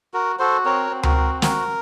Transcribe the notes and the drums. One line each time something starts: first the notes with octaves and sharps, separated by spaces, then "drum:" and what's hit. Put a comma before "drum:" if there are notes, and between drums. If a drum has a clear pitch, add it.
F#4 A#4
F#4 A4 C5
C4 A#4 C#5
C4
F#4 A#4, drum: tom C#2
F#4
F#4 A#4, drum: snare